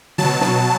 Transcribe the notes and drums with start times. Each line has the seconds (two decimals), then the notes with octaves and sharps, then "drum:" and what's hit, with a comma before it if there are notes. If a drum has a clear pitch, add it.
0.18 B2 F#3 A5, drum: tom C#3
0.41 drum: snare